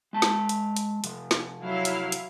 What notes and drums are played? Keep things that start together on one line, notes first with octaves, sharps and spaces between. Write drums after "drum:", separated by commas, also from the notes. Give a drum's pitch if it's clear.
G#3 A5
drum: snare
drum: hi-hat
drum: hi-hat
C3 F3, drum: hi-hat
drum: snare
F#3 E4 F5
drum: hi-hat
drum: hi-hat